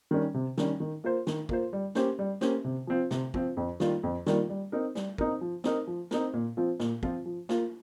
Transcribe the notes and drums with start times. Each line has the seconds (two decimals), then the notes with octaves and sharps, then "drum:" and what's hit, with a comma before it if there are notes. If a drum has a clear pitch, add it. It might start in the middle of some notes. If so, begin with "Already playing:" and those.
0.11 D#3 G3 C#4
0.34 C3
0.58 D#3 G3 C#4, drum: snare
0.80 D#3
1.04 A#3 F4 C5
1.27 D#3, drum: snare
1.49 A#3 F4 C5, drum: kick
1.73 G3
1.95 A#3 C#4 G4 C5, drum: snare
2.19 G3
2.41 A#3 C#4 G4 C5, drum: snare
2.65 C3
2.87 F3 C4 F4
3.11 C3, drum: snare
3.34 F3 C4 F4, drum: kick
3.57 F2
3.80 D#3 G3 A#3 F4, drum: snare
4.03 F2
4.26 D#3 G3 A#3 F4, drum: snare
4.49 G3
4.72 C4 D#4 A#4
4.95 G3, drum: snare
5.18 C4 D#4 A#4, drum: kick
5.41 F3
5.64 C4 D#4 A#4, drum: snare
5.87 F3
6.11 C4 D#4 A#4, drum: snare
6.34 A#2
6.57 F3 C4 F4
6.80 A#2, drum: snare
7.03 F3 C4 F4, drum: kick
7.26 F3
7.49 A#3 F4, drum: snare